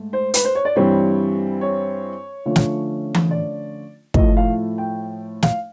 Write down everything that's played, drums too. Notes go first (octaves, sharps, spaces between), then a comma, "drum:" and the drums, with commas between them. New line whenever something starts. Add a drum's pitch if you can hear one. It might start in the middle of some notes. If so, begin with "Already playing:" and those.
Already playing: G#2 A3
C5
B4, drum: hi-hat
C5
C#5
D5
G2 E3 G3 C4 C#5
C#5
D3 F3 A3 C#4 F4
drum: snare
drum: tom E3
D5
A2 F3 A3 D#5, drum: kick
F5
G5
F5, drum: snare